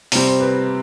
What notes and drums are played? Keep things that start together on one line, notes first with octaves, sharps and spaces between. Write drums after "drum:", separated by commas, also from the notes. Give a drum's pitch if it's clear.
C3 G3 C4, drum: open hi-hat
C5
B4